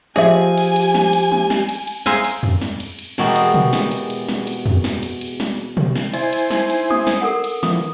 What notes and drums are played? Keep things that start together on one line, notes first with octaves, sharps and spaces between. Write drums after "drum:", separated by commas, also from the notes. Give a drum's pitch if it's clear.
F3 G4 G#4 D#5 E5 G#5
drum: cymbal
drum: cymbal
drum: snare
drum: cymbal
drum: tom
drum: snare
drum: cymbal
drum: cymbal
G#4 C5 E5 F5 G#5 A#5, drum: snare
drum: cymbal
drum: tom E2
drum: snare
drum: cymbal
drum: cymbal
E2 B2 G#3 F#4 G4 A#4, drum: snare
drum: cymbal
drum: tom
drum: snare
drum: cymbal
drum: cymbal
drum: snare
drum: cymbal
drum: tom E2
drum: snare
drum: cymbal
drum: cymbal
drum: snare
drum: tom
drum: snare
E4 C5 D#5 G#5, drum: cymbal
drum: cymbal
D#4, drum: snare
drum: cymbal
D#6, drum: tom
drum: snare
A4 A#4 F#5
drum: cymbal
E3 F3 D#6, drum: snare